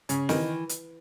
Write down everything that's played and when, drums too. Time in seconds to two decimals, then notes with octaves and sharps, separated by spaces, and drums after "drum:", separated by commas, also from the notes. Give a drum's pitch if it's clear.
0.09 C#3 C#4, drum: hi-hat
0.29 D#3 E3, drum: snare
0.69 drum: hi-hat